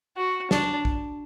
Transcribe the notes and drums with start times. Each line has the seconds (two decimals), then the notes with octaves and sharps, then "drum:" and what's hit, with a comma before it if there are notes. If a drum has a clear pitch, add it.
0.17 F#4
0.51 D4, drum: snare
0.85 drum: kick